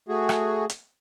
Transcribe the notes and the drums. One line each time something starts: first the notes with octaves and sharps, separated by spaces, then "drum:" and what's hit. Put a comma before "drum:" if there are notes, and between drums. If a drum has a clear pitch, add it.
A3 F#4 G#4
drum: rim click
drum: hi-hat